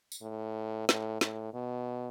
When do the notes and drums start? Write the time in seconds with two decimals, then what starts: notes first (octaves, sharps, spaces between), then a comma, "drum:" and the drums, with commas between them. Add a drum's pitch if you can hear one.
0.12 drum: tambourine
0.22 A2
0.89 A2, drum: snare
1.21 A2, drum: snare
1.54 B2